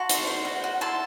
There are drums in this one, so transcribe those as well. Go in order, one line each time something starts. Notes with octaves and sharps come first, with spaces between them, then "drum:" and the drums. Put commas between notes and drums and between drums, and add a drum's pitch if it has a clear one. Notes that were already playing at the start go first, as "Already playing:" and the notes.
Already playing: F#4 A5 C6
C5, drum: hi-hat
C5
F#4
F#4
E4 A5 C6